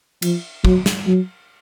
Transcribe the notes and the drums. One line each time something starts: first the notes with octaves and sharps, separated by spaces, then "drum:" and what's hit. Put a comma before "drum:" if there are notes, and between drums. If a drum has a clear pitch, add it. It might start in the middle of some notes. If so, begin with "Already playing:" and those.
F3, drum: cymbal
F#3, drum: kick
drum: snare
F#3